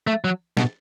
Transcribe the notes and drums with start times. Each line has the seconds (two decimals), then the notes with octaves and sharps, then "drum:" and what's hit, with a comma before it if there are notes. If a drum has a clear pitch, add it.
0.07 A3
0.24 F#3
0.57 B2, drum: snare